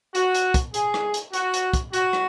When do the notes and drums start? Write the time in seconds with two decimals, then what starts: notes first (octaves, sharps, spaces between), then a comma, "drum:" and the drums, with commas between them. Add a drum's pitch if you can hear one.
0.15 F#4, drum: hi-hat
0.34 drum: hi-hat
0.54 drum: kick, hi-hat
0.74 G#4, drum: hi-hat
0.94 drum: rim click
1.14 drum: hi-hat
1.33 F#4, drum: hi-hat
1.54 drum: hi-hat
1.73 drum: kick, hi-hat
1.93 F#4, drum: hi-hat
2.13 drum: rim click